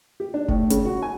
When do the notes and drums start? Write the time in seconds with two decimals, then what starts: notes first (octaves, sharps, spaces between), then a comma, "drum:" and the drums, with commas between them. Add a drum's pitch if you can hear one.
0.20 G4
0.34 D4
0.48 A2, drum: kick F1
0.70 C#3, drum: hi-hat
0.85 F#4
1.02 G#5